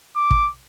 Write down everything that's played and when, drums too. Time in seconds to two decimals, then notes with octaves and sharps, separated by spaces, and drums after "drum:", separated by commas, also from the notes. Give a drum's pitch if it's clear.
0.16 D6
0.31 drum: kick